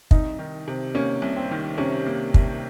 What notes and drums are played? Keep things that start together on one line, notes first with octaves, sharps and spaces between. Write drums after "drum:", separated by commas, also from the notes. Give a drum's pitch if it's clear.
C2 D#4, drum: kick
D#3
C3
A#3 C#4
C2
C4
D#3
C3 C#4
A#3
C2, drum: kick